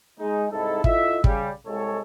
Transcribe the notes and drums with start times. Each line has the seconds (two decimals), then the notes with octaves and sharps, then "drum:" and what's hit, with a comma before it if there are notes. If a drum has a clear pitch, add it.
0.20 G#3 D#4
0.52 C2 G#2 G#3 D#4 E4 A4
0.84 E4 F4 A4 D#5 E5, drum: kick
1.24 C#3 G3, drum: kick
1.67 C2 G#3 A4 C#5